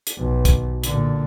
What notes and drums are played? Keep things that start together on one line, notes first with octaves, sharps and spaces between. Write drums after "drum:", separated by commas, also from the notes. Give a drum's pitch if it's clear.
drum: hi-hat
B1
drum: kick, hi-hat
A#2 D3, drum: hi-hat